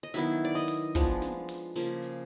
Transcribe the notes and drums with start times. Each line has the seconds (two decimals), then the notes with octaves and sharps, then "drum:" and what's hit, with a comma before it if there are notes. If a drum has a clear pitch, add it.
0.03 D#5
0.14 D#3 F#3 B3 E4 E5, drum: hi-hat
0.45 D5
0.55 D#5
0.68 drum: open hi-hat
0.95 F3 G#3 B3 D4, drum: kick, hi-hat
1.22 drum: snare
1.49 drum: open hi-hat
1.76 C#3 F3 A#3, drum: hi-hat
2.02 drum: hi-hat